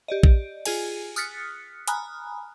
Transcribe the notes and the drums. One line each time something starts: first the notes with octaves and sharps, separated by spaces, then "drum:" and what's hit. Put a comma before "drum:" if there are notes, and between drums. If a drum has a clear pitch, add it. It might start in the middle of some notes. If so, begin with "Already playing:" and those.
G4 D5 D#5
drum: kick A#1
F4 G#4 G#5, drum: cymbal
D#6 F6 F#6 A6 B6 C#7, drum: tambourine
G#5 A#5 B5 D#6 F6 F#6, drum: hi-hat